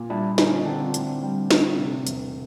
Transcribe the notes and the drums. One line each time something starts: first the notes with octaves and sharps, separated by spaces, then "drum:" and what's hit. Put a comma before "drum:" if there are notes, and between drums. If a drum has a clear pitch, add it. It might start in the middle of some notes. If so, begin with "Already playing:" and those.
Already playing: A#2
G3 D4 E4
D3 C#4 D#4, drum: snare
D3 C4 D4
A2, drum: hi-hat
G3
A2, drum: snare
C3
E1, drum: hi-hat